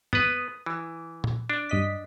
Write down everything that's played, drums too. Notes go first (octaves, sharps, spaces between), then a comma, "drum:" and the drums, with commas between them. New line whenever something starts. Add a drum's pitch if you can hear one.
B3 B4 D#6, drum: tom G2
E3
drum: tom A#2
D4
G2 D#5 B6